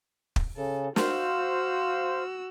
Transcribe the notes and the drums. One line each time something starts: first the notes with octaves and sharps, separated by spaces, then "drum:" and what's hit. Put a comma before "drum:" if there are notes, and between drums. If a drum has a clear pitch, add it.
drum: kick
C#3 A4
F#4 C5 F5 E6, drum: snare